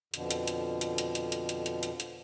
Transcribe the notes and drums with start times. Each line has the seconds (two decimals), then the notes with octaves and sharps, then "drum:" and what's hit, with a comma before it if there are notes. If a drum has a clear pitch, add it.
0.14 F2 B2 D3, drum: hi-hat
0.31 drum: hi-hat
0.47 drum: hi-hat
0.81 drum: hi-hat
0.98 drum: hi-hat
1.15 drum: hi-hat
1.32 drum: hi-hat
1.49 drum: hi-hat
1.66 drum: hi-hat
1.83 drum: hi-hat
2.00 drum: hi-hat